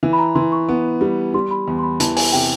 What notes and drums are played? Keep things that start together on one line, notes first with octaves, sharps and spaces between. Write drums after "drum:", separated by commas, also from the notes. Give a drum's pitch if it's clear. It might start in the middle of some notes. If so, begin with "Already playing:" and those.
E3
B5
A#5
E3 C6
C#6
B3
G3
G3 C6
B5
E2
C6
B5
E3 A5, drum: hi-hat
G#5, drum: open hi-hat
C3 G5